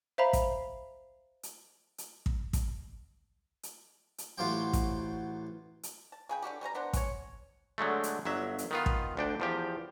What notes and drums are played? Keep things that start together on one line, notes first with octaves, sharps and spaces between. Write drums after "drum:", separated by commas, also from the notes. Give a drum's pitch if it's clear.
C5 E5 F5 A#5 B5
drum: kick, hi-hat
drum: hi-hat
drum: hi-hat
drum: kick
drum: kick, hi-hat
drum: hi-hat
drum: hi-hat
A1 F#3 F4 G4 C5 G5
drum: kick, hi-hat
drum: hi-hat
A5
C#3 G#4 G5
D3 E4 F#4 G4
G3 C#4 C5 A#5
B3 D4 C5 F#5
C#4 C#5, drum: kick, hi-hat
D3 F#3 G#3 A3
drum: hi-hat
G1 F#3 E5
drum: hi-hat
D#3 B3 F4
drum: kick
D2 D4 G5
E2 F3 G4